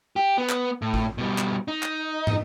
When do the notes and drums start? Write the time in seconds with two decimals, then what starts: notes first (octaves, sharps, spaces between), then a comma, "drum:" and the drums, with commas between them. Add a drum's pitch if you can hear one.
0.16 G4
0.38 B3
0.49 drum: clap
0.82 A2
0.94 drum: kick G#1
1.18 B2 G3
1.38 drum: clap
1.68 D#4
1.83 drum: clap
2.27 drum: tom